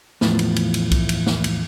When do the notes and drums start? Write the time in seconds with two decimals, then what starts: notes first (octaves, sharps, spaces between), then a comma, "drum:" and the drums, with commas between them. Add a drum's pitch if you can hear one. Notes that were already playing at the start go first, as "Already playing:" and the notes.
0.21 E2 A2 F3 A3 B4, drum: snare
0.39 drum: cymbal
0.56 drum: cymbal
0.74 drum: cymbal
0.91 drum: kick C2, cymbal
1.09 drum: cymbal
1.26 drum: snare
1.44 drum: cymbal